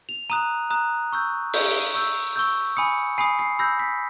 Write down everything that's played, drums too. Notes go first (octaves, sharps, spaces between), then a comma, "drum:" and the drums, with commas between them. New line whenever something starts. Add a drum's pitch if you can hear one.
F7
A#5 D#6 F#6 D#7
A#5 D#6 F#6
C#6 E6 G6
C#6 E6 G6, drum: open hi-hat
D7
D#7
C#6 E6 G6
C#6 E6 G6
G#5 B5 D#6 C#7
G#5 B5 D#6 C7
C7
B5 E6 G6 A#6
B6